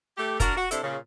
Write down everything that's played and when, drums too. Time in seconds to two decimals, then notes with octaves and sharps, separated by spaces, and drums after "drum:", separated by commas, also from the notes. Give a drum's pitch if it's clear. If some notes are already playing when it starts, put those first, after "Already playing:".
0.17 A3 G4
0.40 D4 F#4 A#4, drum: kick, hi-hat
0.57 F#4
0.71 C3 D4 E4 A4, drum: hi-hat
0.84 A#2 C#3